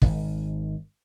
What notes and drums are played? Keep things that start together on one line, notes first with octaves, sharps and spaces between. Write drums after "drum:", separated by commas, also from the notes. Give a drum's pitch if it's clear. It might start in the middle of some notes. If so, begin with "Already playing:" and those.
G#1, drum: kick